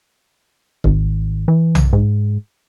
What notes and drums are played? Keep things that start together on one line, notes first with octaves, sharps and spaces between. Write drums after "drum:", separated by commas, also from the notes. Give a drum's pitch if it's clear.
G#1, drum: kick C#1
E3
drum: tom B1
G#2